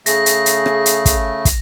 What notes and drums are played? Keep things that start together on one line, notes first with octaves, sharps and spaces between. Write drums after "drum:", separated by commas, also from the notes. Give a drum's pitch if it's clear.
C#3 A3 G#4 A#6, drum: hi-hat
drum: hi-hat
drum: hi-hat
drum: rim click
drum: hi-hat
drum: kick, hi-hat
drum: kick, hi-hat